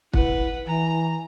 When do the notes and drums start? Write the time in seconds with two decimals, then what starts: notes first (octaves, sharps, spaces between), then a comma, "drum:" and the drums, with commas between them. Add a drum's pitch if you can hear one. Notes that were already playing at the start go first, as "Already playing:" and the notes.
0.13 E4 B4 F#5, drum: kick
0.67 E3 G#5 A#5